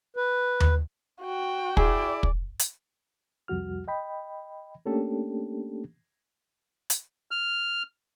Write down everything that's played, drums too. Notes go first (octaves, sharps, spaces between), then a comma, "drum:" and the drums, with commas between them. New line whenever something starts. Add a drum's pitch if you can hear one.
B4
drum: tom D#2
F#4 G5
E4 G#4 D5, drum: kick
drum: kick
drum: hi-hat
C2 F2 G3 F#4 F6
D#5 G5 B5
A3 A#3 C#4 D4 G4 A4
drum: hi-hat
F6